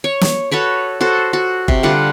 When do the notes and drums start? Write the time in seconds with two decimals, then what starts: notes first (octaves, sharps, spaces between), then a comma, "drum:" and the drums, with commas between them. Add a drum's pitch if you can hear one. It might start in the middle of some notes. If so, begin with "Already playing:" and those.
0.04 C#5
0.21 drum: snare
0.51 F#4 A4 B4 C#5
1.01 F#4 A4 C5
1.33 F#4
1.68 C3, drum: kick G1
1.83 D3 G3 F4 F#5